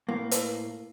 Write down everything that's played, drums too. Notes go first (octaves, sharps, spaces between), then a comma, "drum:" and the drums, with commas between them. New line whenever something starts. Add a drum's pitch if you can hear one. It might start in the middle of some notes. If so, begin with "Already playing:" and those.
A2 A#3
drum: hi-hat